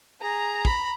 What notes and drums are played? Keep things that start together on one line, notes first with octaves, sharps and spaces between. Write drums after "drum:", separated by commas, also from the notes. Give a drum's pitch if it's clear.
G#4 A#5
B5, drum: kick